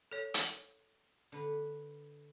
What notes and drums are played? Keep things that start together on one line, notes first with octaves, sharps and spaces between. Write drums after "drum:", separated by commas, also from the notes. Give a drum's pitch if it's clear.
A4 C#5
drum: hi-hat
D3 B4